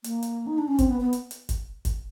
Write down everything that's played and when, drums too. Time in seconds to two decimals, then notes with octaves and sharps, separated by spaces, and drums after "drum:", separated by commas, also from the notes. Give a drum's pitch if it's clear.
0.04 A#3, drum: hi-hat
0.23 drum: hi-hat
0.47 D#4
0.58 D4
0.68 C#4
0.79 C4, drum: kick G1, hi-hat
0.89 B3
1.01 B3
1.13 drum: hi-hat
1.31 drum: hi-hat
1.49 drum: kick G1, hi-hat
1.85 drum: kick G1, hi-hat